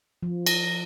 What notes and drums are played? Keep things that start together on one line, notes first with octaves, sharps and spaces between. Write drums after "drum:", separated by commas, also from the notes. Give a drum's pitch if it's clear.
F3
A#6, drum: cymbal